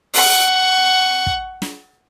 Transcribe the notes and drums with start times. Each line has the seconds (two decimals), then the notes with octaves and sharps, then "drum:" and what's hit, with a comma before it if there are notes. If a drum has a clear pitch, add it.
0.14 F#5 C#6, drum: open hi-hat
1.26 drum: kick
1.62 drum: snare